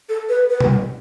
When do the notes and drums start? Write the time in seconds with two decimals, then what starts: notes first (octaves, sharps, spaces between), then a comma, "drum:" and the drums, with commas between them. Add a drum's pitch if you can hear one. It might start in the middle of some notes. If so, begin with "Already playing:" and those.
0.09 A4
0.29 B4
0.50 B4
0.60 drum: tom B2